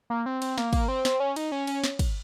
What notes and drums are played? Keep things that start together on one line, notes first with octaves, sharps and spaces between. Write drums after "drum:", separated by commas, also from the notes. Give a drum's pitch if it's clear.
A#3
C4
C4, drum: cymbal
A#3, drum: snare
A#3, drum: kick, cymbal
C4
C4, drum: snare
C#4
D#4, drum: cymbal
C#4
C#4, drum: cymbal
drum: snare
drum: kick, cymbal